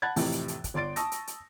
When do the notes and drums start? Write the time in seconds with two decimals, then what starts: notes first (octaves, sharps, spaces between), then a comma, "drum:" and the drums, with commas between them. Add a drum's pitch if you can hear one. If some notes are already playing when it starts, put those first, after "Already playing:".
0.02 F#5 A5 B5 F#6 G#6 A6
0.16 F2 A2 C3 E3, drum: open hi-hat
0.32 drum: hi-hat
0.48 drum: hi-hat
0.64 drum: kick, hi-hat
0.74 G1 D5 C6 A6 D7
0.96 A5 C#6 D#6 E6 A#6, drum: hi-hat
1.12 drum: hi-hat
1.27 drum: hi-hat